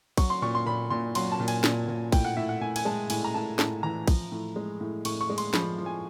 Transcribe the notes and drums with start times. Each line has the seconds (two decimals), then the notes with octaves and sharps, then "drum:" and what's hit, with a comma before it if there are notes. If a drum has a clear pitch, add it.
0.17 F#3 C#6, drum: kick, cymbal
0.30 C6
0.42 A#2 C#6
0.55 C6
0.66 A#2 B5
0.90 A#2 C6
1.15 F#3 C6, drum: cymbal
1.32 A5
1.40 A#2
1.48 G#5, drum: cymbal
1.64 A#2, drum: snare
1.88 A#2
2.12 A2 G5, drum: kick, cymbal
2.25 F#5
2.37 A2 E5
2.49 F#5
2.61 A2 G#5
2.76 G#5, drum: cymbal
2.85 G#3 A5
3.10 A2 G#5, drum: cymbal
3.25 A#5
3.34 A2 A5
3.59 A2 A5, drum: snare
3.83 E3 A#5
4.08 F3, drum: kick, cymbal
4.32 A2
4.56 G#3
4.80 A2
5.05 A2 C#6, drum: cymbal
5.21 C#6
5.30 G#3
5.38 C6, drum: cymbal
5.54 F3 B5, drum: snare
5.78 F3
5.86 G#5